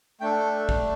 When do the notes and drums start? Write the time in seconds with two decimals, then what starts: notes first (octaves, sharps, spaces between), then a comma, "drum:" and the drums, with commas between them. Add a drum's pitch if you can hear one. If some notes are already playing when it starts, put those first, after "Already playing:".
0.21 A3 D4 A4 G5
0.69 drum: kick